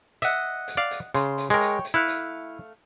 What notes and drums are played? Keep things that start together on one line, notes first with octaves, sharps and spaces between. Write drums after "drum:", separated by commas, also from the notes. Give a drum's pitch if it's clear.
D#5 E5 F#5, drum: hi-hat
drum: hi-hat
D5 F5
drum: hi-hat
C#3 C6, drum: hi-hat
drum: hi-hat
G#3 A#4 C#5 G5
drum: hi-hat
drum: hi-hat
A3 E4 F5 F#6
drum: hi-hat